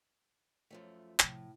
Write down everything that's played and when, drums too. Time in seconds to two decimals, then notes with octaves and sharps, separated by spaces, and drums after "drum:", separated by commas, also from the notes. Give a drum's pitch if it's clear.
0.71 F#2 F3 A3
1.20 A2 C3 F3, drum: clap